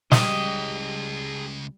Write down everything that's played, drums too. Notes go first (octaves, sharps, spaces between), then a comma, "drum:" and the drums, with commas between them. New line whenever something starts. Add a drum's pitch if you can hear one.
C#2 G3 G#4 D#5 G5, drum: snare